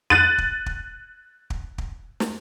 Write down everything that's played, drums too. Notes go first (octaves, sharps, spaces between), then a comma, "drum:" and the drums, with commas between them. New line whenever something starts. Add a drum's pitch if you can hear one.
F#6 A6 D#7
drum: kick
drum: kick
drum: kick
drum: kick
drum: snare